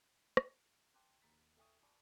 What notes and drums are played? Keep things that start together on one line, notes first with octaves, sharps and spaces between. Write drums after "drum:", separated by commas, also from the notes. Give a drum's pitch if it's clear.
drum: rim click
G5 A5 C6 D6 F#6
D#2 A#5 B5 A6 B6
A4 E5 G5 G#5 C#6 D#6
D5 G#5 A5 B5 C#6 D6